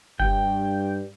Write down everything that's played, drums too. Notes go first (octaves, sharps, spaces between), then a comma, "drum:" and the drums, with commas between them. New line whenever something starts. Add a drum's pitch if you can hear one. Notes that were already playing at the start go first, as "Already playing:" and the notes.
G2 G5, drum: kick F#1